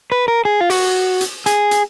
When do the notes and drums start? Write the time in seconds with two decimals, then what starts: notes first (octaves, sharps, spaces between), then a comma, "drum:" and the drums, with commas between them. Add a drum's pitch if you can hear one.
0.12 B4
0.28 A#4
0.45 G#4
0.61 F4
0.70 F#4, drum: open hi-hat
1.21 drum: hi-hat
1.46 G#4, drum: hi-hat
1.71 drum: hi-hat